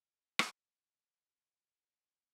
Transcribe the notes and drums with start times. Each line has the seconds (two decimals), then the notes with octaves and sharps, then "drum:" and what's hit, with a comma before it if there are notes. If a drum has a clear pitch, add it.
0.02 G3 D4 E5 C#6 D#6
0.39 drum: rim click